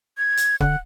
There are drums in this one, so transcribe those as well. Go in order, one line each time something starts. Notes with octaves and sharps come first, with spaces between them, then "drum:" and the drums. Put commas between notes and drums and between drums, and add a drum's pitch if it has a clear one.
G#6
drum: hi-hat
D3 F#5, drum: kick